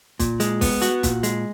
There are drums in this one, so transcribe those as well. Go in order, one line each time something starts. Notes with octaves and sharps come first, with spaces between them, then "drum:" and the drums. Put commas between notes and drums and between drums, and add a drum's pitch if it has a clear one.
A#2, drum: kick, hi-hat
G#3, drum: hi-hat
B3, drum: kick, open hi-hat
F#4, drum: hi-hat
A#2, drum: kick, hi-hat
G#3, drum: hi-hat